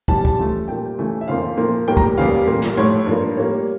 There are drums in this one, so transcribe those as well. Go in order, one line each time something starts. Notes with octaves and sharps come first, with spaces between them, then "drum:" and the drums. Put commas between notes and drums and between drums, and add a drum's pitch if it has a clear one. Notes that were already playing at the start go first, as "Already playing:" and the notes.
F2 E3 G3 A5, drum: kick
drum: kick
C#3 F3 A3
A#2 G3 A#3 G5
C#3 E3 A3
E5
F2 C#3 F3 A#3 F5
A#2 F3 A#3
A2 G3 A#3 G5
A#5, drum: kick
E2 C#3 G3 A#3 F5
A#2 G3 A#3
drum: snare
A2 F3 A3 C#5
G2 F3 A#3
A2 G3 A#3 C#5